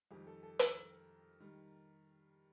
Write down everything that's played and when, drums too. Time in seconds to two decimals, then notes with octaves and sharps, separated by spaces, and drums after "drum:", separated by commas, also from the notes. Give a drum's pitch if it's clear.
0.11 F2 D#3 G3 G4
0.27 A4
0.43 A4
0.59 A#4, drum: hi-hat
1.40 D#3 G3